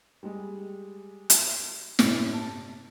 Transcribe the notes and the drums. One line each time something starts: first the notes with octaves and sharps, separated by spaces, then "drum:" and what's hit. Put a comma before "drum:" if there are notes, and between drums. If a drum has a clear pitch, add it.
G3 G#3
drum: hi-hat
G1 A2 C3 C#4, drum: snare
A5